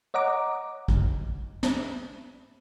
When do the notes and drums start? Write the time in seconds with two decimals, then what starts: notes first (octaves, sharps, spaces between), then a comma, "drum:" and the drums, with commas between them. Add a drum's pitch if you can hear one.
0.14 C#5 D#5 F#5 A#5 D6
0.88 drum: kick
1.63 drum: snare